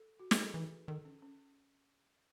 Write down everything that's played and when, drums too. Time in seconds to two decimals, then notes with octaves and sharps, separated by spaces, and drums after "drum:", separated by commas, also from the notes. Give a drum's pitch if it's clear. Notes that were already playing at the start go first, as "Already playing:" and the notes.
Already playing: A4
0.20 F#4
0.31 G#4, drum: snare
0.43 A4
0.54 E3 B4
0.88 D#3 A4
1.05 C#4
1.22 C#4